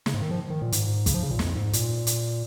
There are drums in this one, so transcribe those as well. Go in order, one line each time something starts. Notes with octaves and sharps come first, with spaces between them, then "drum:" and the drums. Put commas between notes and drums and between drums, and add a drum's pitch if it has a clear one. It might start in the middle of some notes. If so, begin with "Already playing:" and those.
C#3, drum: snare
G#2
D#3
F3
D#3
A#2
G#2, drum: hi-hat
C#3, drum: kick, hi-hat
F3
C#3
A#2
F2, drum: snare
G#2
A#2, drum: hi-hat
drum: hi-hat